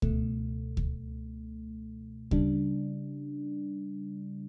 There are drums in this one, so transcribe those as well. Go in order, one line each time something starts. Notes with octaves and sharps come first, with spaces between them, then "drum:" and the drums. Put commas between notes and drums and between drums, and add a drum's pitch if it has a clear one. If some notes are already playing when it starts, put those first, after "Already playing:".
C#2 B2 A3, drum: kick D2
drum: kick D2
C#3 G3 D4, drum: kick D2